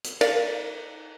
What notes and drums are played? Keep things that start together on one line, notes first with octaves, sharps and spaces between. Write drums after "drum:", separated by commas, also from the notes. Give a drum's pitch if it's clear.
drum: hi-hat
A#4 D5 F5, drum: cymbal